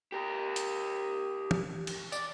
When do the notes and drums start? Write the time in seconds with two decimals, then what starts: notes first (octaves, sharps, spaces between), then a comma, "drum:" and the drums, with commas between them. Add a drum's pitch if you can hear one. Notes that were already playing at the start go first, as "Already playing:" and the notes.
0.12 G4 A#4
0.56 drum: hi-hat
1.51 drum: tom
1.87 drum: cymbal
2.12 D5, drum: tambourine